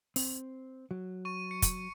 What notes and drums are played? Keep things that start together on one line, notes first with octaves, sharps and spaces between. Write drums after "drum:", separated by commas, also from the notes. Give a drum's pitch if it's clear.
C4, drum: open hi-hat
F#3
C#6 D#7
C#7
drum: kick, hi-hat